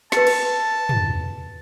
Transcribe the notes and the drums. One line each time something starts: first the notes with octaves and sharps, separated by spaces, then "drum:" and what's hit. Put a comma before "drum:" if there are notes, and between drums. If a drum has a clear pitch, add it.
B4 A5 C#7, drum: snare
drum: cymbal
drum: tom